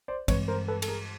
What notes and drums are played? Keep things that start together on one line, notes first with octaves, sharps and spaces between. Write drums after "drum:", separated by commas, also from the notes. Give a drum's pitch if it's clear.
C5 D5
G2 E3 G#3 C4 B4 C#5, drum: kick, cymbal
A#4 C5
A4 B4
A4, drum: cymbal
G#4 A#4